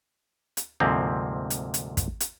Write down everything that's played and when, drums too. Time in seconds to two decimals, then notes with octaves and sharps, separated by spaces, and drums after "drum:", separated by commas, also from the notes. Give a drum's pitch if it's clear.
0.57 drum: hi-hat
0.80 D2 G#2 C3 F3 A#3 C4
1.50 drum: hi-hat
1.74 drum: hi-hat
1.97 drum: kick, hi-hat
2.20 drum: hi-hat